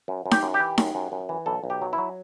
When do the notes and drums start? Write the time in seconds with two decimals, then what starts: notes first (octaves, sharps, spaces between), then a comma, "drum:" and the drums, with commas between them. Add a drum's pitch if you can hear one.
0.08 F#2
0.26 F#2
0.31 G4, drum: snare D#4
0.43 F#2
0.54 G4
0.60 E3
0.78 F#2, drum: snare D#4
0.95 F#2
1.12 F#2
1.29 E3
1.46 B1 A4
1.64 B1
1.70 G4
1.82 F#3
1.93 E4
1.98 F#3